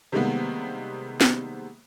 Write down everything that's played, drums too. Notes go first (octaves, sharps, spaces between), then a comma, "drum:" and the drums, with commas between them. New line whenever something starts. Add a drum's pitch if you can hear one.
C3 D#3 G3 G#3 A#3 B3
drum: snare B3